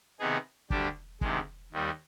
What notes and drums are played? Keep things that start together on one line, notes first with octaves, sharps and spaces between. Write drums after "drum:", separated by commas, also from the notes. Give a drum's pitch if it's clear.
C3 D#3 B3 D#4 G#4
D2 D3 G3 D4 G4, drum: kick
D2 C3 D#3 G#3, drum: kick
D#2 D#3 G3